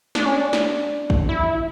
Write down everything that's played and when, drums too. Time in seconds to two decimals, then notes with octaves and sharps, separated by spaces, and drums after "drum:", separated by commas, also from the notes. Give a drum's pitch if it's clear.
0.15 D4, drum: snare
0.25 C#4
0.36 D4
0.53 drum: snare
1.10 drum: kick
1.29 E4